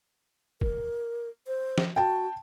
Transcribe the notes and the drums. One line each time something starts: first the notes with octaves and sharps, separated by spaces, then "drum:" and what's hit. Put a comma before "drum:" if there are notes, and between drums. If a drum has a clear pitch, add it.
A#4, drum: kick
C5
drum: snare F3
F#4 G5 A5